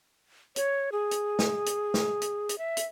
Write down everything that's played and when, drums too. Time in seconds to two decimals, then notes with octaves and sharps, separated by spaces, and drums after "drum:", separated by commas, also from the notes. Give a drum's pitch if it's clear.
0.56 C#5, drum: hi-hat
0.92 G#4
1.11 drum: hi-hat
1.39 drum: snare
1.66 drum: hi-hat
1.94 drum: snare
2.22 drum: hi-hat
2.49 drum: hi-hat
2.58 E5
2.77 drum: hi-hat